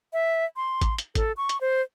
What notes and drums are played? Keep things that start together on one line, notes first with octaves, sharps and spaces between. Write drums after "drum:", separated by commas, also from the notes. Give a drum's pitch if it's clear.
E5
C6
drum: kick G#1, hi-hat
drum: hi-hat
A4, drum: kick G#1, hi-hat
C#6
drum: hi-hat
C5